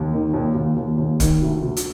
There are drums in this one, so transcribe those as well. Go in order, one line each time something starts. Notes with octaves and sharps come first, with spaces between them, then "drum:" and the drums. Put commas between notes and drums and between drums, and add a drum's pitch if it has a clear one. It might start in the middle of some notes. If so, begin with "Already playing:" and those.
Already playing: D#2
D#3
D#2
D#2
D#2
D#2
D#3, drum: kick, hi-hat
D2
D2
drum: hi-hat